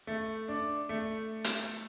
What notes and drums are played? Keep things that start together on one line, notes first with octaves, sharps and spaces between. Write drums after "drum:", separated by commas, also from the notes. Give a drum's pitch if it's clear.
A3
D4
A3
drum: hi-hat